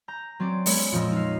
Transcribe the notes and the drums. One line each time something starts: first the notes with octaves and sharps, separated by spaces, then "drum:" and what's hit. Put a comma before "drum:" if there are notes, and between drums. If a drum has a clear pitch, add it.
A#5 G6
F#3 C4 C#4 D5
G#3 B3 C#5, drum: open hi-hat
F2 A#2 F3 D#5 E6
D#4 F5